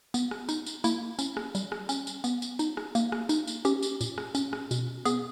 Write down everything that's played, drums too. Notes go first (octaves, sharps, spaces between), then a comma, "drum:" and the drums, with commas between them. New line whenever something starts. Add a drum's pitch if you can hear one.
B3, drum: tambourine
drum: rim click
D#4, drum: tambourine
drum: tambourine
A#3 E4, drum: tambourine
C#4, drum: tambourine
drum: rim click
G3, drum: tambourine
drum: rim click
C#4, drum: tambourine
drum: tambourine
B3, drum: tambourine
drum: tambourine
D#4, drum: tambourine
drum: rim click
A#3, drum: tambourine
drum: rim click
D#4, drum: tambourine
drum: tambourine
C#4 G4, drum: tambourine
drum: tambourine
A#2, drum: tambourine
drum: rim click
C#4, drum: tambourine
drum: rim click
B2, drum: tambourine
B3 G#4, drum: tambourine